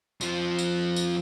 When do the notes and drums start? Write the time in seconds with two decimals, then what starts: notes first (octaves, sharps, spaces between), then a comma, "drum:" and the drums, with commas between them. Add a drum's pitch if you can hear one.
0.21 F2 F3, drum: tambourine
0.59 drum: tambourine
0.96 drum: tambourine